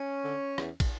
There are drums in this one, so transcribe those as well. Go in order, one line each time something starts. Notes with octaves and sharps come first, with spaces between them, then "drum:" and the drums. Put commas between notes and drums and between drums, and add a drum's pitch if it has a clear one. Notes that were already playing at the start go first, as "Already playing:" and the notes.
Already playing: C#4
D3
E2, drum: rim click
drum: kick, cymbal